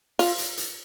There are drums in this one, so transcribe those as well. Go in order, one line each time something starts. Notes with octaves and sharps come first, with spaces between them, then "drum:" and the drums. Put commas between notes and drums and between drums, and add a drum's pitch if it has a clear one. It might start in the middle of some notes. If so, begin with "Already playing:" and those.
F4, drum: open hi-hat
drum: hi-hat
drum: hi-hat